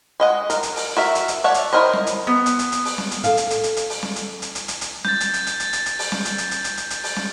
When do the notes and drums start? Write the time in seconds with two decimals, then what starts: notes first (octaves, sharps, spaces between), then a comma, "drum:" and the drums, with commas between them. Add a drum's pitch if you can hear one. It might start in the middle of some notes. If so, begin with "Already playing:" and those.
0.20 G#3 D#5 F#5
0.50 A#4, drum: hi-hat
0.63 drum: hi-hat
0.76 drum: open hi-hat
0.97 F#4 A#4 E5
1.15 drum: hi-hat
1.28 drum: hi-hat
1.44 C#5 D5 E5 F#5 A5
1.54 drum: hi-hat
1.73 E4 G#4 A#4 C5 D#5
1.94 drum: snare
2.07 drum: hi-hat
2.27 B3
2.46 drum: hi-hat
2.59 drum: hi-hat
2.72 drum: hi-hat
2.85 drum: open hi-hat
2.98 drum: snare
3.11 drum: hi-hat
3.24 A4 F5, drum: hi-hat
3.37 drum: hi-hat
3.50 drum: hi-hat
3.64 drum: hi-hat
3.77 drum: hi-hat
3.90 drum: open hi-hat
4.03 drum: snare
4.16 drum: hi-hat
4.42 drum: hi-hat
4.55 drum: hi-hat
4.68 drum: hi-hat
4.81 drum: hi-hat
5.05 G6 A6, drum: snare
5.20 drum: hi-hat
5.34 drum: hi-hat
5.47 drum: hi-hat
5.60 drum: hi-hat
5.73 drum: hi-hat
5.86 drum: hi-hat
5.99 drum: open hi-hat
6.12 drum: snare
6.25 drum: hi-hat
6.38 drum: hi-hat
6.51 drum: hi-hat
6.64 drum: hi-hat
6.77 drum: hi-hat
6.90 drum: hi-hat
7.04 drum: open hi-hat
7.17 drum: snare